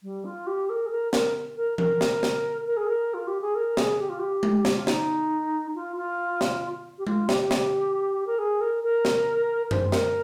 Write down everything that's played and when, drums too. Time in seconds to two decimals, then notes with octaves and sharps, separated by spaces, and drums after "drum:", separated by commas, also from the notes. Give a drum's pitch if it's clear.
0.03 G3
0.25 F4
0.47 G4
0.69 A#4
0.86 G#4
0.90 A#4
1.13 A#4, drum: snare
1.57 A#4
1.78 A#4, drum: tom E3
2.01 drum: snare
2.23 drum: snare
2.67 A#4
2.77 G#4
2.86 A#4
3.14 F4
3.27 G4
3.41 G#4
3.55 A#4
3.77 G#4, drum: snare
3.99 G4
4.09 F4
4.19 G4
4.43 drum: tom G#3
4.65 drum: snare
4.76 F4
4.87 D#4, drum: snare
5.75 F4
5.96 F4
6.41 drum: snare
6.98 G4
7.07 F4, drum: tom G#3
7.29 G4, drum: snare
7.51 drum: snare
8.27 A#4
8.38 G#4
8.61 A#4
8.83 A#4
9.05 drum: snare
9.71 C5, drum: tom F#2
9.92 A#4, drum: snare